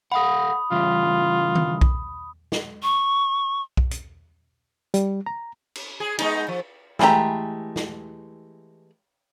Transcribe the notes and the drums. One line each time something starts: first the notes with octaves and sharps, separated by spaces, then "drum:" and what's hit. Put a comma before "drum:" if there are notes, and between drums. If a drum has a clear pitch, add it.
A4 F5 F#5 B5 D#6
C#3 E3 G3 F4
drum: tom D#3
drum: kick B1
drum: snare
C#6
drum: kick B1
drum: hi-hat
G3, drum: hi-hat
A#5
drum: cymbal
G#4
G#3 B3 D#4, drum: cymbal
F3
E3 G#3 A3 G4 A#5, drum: snare
drum: snare